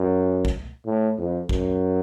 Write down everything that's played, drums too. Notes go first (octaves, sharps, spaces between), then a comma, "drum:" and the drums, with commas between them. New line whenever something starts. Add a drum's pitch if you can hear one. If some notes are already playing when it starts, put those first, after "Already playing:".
Already playing: F#2
drum: kick
A2
F2
F#2, drum: kick